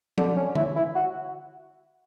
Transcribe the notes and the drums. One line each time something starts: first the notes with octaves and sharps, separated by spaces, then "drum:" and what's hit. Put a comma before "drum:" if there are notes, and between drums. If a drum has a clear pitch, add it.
D3, drum: tom F3
C#4
E4, drum: tom D3
E4
F#4